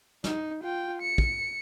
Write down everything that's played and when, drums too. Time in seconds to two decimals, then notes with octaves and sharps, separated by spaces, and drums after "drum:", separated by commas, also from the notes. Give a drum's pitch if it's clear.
0.24 D#4, drum: snare
0.63 F4 G5
1.02 C#7
1.18 drum: kick